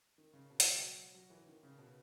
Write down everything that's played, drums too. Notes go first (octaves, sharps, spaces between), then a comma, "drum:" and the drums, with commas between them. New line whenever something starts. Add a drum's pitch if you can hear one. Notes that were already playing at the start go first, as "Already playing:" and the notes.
D#3
C#3
B2
G#3, drum: hi-hat
F#3
F#3
F#3
E3
D#3
C#3
B2